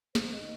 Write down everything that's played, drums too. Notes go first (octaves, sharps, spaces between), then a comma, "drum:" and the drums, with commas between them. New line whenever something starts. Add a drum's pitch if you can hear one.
C5, drum: snare
D#5
D#3